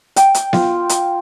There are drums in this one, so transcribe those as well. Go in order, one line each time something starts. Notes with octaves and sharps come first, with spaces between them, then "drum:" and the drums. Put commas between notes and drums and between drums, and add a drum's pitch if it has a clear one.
G5, drum: hi-hat
drum: hi-hat
F4, drum: snare B3
drum: hi-hat